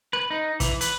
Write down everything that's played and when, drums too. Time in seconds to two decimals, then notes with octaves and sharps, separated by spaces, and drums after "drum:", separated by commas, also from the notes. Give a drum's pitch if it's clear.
0.13 B4
0.30 D#4
0.60 E3, drum: kick, hi-hat
0.81 B4, drum: hi-hat